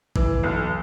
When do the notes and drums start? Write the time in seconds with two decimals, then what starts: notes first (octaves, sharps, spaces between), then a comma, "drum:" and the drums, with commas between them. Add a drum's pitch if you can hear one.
0.16 E3, drum: kick
0.43 B1